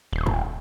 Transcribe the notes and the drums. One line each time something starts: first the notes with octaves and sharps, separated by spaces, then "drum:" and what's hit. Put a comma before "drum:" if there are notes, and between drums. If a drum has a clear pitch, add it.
D#1
drum: kick